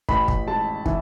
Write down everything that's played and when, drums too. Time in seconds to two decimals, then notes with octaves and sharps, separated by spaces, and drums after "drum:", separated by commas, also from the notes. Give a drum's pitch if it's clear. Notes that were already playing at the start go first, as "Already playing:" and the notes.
0.09 A1 B5, drum: kick
0.28 drum: kick
0.48 G#3 A5
0.86 E3, drum: kick